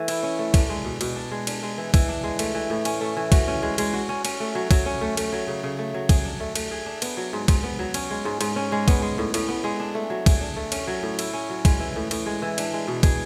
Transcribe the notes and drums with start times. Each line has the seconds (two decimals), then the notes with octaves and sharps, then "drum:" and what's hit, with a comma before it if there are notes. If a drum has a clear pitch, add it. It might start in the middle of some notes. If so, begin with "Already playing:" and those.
Already playing: E3 A3
0.08 E4, drum: cymbal
0.23 C#4
0.39 A3
0.54 D4, drum: kick, cymbal
0.70 G#3
0.85 B2
1.01 B2, drum: cymbal
1.16 D4
1.32 G#3
1.47 D4, drum: cymbal
1.63 G#3
1.78 E3
1.94 E3, drum: kick, cymbal
2.09 D4
2.24 G#3
2.39 A3, drum: cymbal
2.55 E3
2.70 A2
2.85 C#4, drum: cymbal
3.01 A3
3.17 E3
3.32 F#4, drum: kick, cymbal
3.48 C#4
3.63 G#3
3.78 G#3, drum: cymbal
3.93 F#4
4.09 C#4
4.25 C#4, drum: cymbal
4.40 A3
4.55 F#3
4.71 F#3, drum: kick, cymbal
4.86 C#4
5.01 A3
5.17 A3, drum: cymbal
5.32 F#3
5.47 C#3
5.63 C#3
5.79 A3
5.94 F#3
6.09 G#4, drum: kick, cymbal
6.25 D4
6.40 A3
6.56 A3, drum: cymbal
6.71 G#4
6.86 D4
7.02 B3, drum: cymbal
7.17 F#3
7.33 G#2
7.48 G#2, drum: kick, cymbal
7.63 B3
7.79 F#3
7.94 C#4, drum: cymbal
8.11 G#3
8.25 G#2
8.41 G#2, drum: cymbal
8.56 C#4
8.72 G#3
8.88 B3, drum: kick, cymbal
9.02 G#3
9.18 A2
9.34 A2, drum: cymbal
9.49 B3
9.64 G#3
9.80 D4
9.95 A3
10.10 F#3
10.26 G#4, drum: kick, cymbal
10.41 D4
10.57 A3
10.72 C#4, drum: cymbal
10.87 F#3
11.03 A2
11.19 E4, drum: cymbal
11.33 C#4
11.50 F#3
11.65 G#3, drum: kick, cymbal
11.80 E3
11.96 A2
12.11 A2, drum: cymbal
12.26 G#3
12.42 E3
12.58 D4, drum: cymbal
12.73 G#3
12.88 B2
13.03 G#4, drum: kick, cymbal